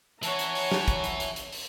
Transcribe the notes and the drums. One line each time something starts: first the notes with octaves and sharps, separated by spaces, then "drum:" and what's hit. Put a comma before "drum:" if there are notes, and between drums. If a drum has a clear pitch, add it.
E3 C#5 F#5 A5 A#5, drum: hi-hat
drum: hi-hat
drum: open hi-hat
drum: snare
drum: kick, hi-hat
drum: hi-hat
drum: hi-hat
drum: hi-hat
drum: open hi-hat